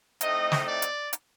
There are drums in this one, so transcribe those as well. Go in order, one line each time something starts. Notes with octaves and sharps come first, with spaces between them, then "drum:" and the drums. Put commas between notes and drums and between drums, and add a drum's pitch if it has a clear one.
A2 A3 C4 D#4 D#5, drum: hi-hat
drum: snare
D5
drum: hi-hat
drum: hi-hat